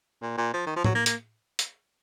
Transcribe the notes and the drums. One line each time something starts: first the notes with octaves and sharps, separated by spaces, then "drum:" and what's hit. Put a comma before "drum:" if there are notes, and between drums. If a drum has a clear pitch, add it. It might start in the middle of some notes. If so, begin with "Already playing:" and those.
A#2
A#2
F3
D#3
F3
F#3, drum: tom A2
A#3
A#3, drum: hi-hat
drum: hi-hat